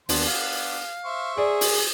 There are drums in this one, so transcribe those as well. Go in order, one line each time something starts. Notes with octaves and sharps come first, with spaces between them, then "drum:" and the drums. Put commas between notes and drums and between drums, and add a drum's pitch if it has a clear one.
D#2 D3 B3 D4 C6, drum: open hi-hat
B3 D4 F5
C5 E5 C#6
G#4 D5
drum: open hi-hat